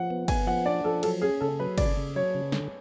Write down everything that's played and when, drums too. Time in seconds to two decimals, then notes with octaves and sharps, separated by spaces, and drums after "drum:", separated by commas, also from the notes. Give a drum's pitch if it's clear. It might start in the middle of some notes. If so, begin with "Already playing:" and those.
Already playing: F3 F#5
0.11 B3
0.28 B3 G#5, drum: kick, cymbal
0.47 F3 F#5
0.66 D4 D5
0.84 F3 A4
1.03 F#3 A4, drum: cymbal
1.22 C#4 G#4
1.41 C#3 A4
1.60 F#3 B4
1.78 C#3 D5, drum: kick, cymbal
1.97 C#3
2.16 F#3 C#5
2.35 C#3
2.52 D3, drum: snare